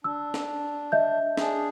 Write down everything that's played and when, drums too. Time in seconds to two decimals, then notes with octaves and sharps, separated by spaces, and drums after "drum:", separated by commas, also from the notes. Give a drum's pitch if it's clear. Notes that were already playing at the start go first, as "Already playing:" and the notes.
0.04 D4 E6
0.34 drum: snare
0.92 D#5 E5 G6
1.37 D4 G#4, drum: snare